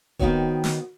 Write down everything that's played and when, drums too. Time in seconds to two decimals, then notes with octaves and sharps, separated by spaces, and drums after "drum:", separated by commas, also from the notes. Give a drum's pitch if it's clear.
0.19 D#3 B3 C4 D#4 F#4 C#5, drum: kick D#1
0.64 drum: snare